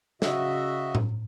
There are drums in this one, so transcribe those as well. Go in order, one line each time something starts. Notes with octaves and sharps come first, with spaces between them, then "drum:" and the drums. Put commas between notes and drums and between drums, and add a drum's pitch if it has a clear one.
C#3 F#4 D#5 E5, drum: snare
drum: tom A2